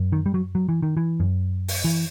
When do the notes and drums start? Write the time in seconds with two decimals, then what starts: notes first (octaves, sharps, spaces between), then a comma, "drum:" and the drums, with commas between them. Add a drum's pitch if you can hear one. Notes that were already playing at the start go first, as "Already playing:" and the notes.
Already playing: F#2
0.12 D#3
0.26 G3
0.34 F#3
0.55 F#3
0.69 E3
0.82 D#3
0.97 E3
1.20 F#2
1.68 drum: open hi-hat
1.84 E3